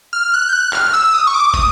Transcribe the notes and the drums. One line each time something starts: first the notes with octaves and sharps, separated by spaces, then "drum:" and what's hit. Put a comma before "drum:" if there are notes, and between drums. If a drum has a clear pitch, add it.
F6
F#6
G6
F#6
F6, drum: clap
E6
D#6
C#6
D6
D#6, drum: kick, hi-hat